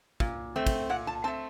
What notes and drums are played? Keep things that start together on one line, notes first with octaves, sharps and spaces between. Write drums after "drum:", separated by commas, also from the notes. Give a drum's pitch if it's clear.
A#2, drum: kick
A3 C4
drum: kick, cymbal
A#2 F#5
A5
A3 C4 A5